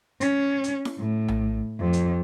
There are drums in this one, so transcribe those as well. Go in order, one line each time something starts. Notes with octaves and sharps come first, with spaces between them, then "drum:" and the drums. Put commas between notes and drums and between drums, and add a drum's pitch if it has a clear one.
C#4, drum: hi-hat
drum: hi-hat
drum: snare E4
A2
drum: tom A#1
F2
drum: hi-hat